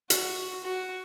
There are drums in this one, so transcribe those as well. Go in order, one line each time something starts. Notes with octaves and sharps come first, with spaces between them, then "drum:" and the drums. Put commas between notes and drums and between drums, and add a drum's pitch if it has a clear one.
F#4, drum: hi-hat
F#4